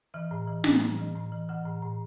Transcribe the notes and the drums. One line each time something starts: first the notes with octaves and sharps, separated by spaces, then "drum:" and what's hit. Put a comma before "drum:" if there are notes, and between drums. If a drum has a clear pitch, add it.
E3 E5
A2
E3
A2, drum: snare
A2
E3
A2
E3
E3 F#5
A2
A2